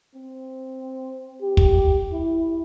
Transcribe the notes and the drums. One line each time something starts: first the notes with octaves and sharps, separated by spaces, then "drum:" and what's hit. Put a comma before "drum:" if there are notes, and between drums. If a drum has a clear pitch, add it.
C4
G4
drum: kick
E4